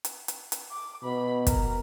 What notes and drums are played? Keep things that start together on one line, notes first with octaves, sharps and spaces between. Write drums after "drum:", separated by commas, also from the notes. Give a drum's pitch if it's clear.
drum: hi-hat
drum: hi-hat
drum: hi-hat
D6
B2 B5
A#4, drum: kick, hi-hat